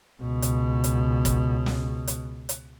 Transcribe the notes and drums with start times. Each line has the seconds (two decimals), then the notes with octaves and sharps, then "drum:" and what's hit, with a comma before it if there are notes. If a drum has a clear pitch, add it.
0.22 C#2 B2
0.42 drum: hi-hat
0.84 drum: hi-hat
1.25 drum: kick, hi-hat
1.66 drum: snare
2.07 drum: hi-hat
2.49 drum: hi-hat